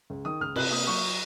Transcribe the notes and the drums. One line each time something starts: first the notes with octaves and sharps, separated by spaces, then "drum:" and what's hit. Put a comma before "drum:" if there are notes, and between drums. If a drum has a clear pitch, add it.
C#2
D#3 D#6
C#2 F6
C3 F#6, drum: cymbal
A#3 D#6
F#3 C#6